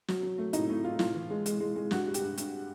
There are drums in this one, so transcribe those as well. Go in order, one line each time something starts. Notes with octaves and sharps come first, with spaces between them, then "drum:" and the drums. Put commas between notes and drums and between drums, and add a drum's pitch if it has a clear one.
F#3, drum: snare
F#3
A3
A2 D#4, drum: hi-hat
A3 E4
A2 F4
A2 F4, drum: snare
E3
G#3
G#3, drum: hi-hat
G#3
G#3
G2 F#4, drum: snare
G3
G4, drum: hi-hat
G2
G2, drum: hi-hat